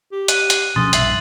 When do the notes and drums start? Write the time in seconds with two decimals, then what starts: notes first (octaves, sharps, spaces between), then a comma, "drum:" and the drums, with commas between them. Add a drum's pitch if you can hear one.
0.12 G4
0.28 F#6 D#7, drum: hi-hat
0.50 drum: hi-hat
0.76 B2 F3 C#4 C6 D#6 A6
0.93 A#1 G2 E5 A6 C7 F#7, drum: hi-hat